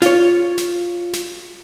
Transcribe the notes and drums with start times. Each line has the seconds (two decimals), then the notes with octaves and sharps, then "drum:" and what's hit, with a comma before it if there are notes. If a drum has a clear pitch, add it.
0.02 F4 C#5, drum: snare
0.58 drum: snare
1.13 drum: snare